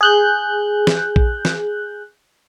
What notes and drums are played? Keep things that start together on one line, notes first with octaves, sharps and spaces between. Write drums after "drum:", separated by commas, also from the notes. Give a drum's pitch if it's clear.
G#4 F#6 G6
drum: snare
drum: kick A#1
drum: snare